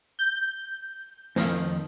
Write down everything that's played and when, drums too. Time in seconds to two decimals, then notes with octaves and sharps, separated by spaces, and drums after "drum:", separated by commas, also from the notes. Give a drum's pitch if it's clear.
0.19 G6
1.36 F2 D#3, drum: snare